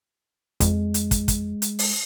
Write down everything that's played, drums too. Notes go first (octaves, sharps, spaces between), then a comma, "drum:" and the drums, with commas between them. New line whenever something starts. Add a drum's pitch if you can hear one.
F2 G#3, drum: kick, hi-hat
drum: hi-hat
drum: kick, hi-hat
drum: kick, hi-hat
drum: hi-hat
drum: open hi-hat